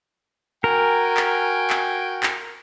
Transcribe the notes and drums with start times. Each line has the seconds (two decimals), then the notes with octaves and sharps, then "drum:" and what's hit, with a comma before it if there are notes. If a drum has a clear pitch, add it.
0.64 F#4 A#4 G5 G#5
1.17 drum: clap
1.70 drum: clap
2.23 drum: clap